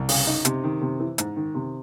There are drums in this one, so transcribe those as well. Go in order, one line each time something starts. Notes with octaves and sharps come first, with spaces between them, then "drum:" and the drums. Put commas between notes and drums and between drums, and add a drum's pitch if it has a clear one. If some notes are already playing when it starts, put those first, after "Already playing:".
Already playing: C2
C#3, drum: open hi-hat
D#4
C3, drum: hi-hat
D#3
C3
E3
G#2, drum: hi-hat
D#3
C3